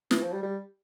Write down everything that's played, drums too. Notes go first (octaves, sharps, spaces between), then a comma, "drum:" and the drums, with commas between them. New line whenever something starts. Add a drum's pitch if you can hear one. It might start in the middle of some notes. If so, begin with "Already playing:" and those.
E3, drum: snare
F3
G3
G3